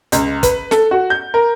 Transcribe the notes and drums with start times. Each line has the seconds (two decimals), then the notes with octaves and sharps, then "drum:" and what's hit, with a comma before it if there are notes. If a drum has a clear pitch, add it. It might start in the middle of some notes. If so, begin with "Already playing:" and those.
0.12 C#2, drum: hi-hat
0.43 B4, drum: kick, hi-hat
0.71 A4, drum: snare
0.91 F#4
1.10 G6
1.34 A#4